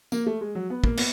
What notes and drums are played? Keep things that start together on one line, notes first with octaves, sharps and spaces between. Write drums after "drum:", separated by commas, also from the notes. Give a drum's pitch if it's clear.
A#3, drum: tambourine
A3
G#3
F#3
B3
A#3, drum: kick
B3, drum: cymbal